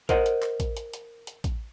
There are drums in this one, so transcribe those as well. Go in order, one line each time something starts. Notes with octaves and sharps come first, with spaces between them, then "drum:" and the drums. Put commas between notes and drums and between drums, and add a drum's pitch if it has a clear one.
A#4 C5 D#5 F#5, drum: kick A1, hi-hat
drum: hi-hat
drum: clap
drum: kick A1, hi-hat
drum: hi-hat
drum: hi-hat
drum: hi-hat
drum: kick A1, hi-hat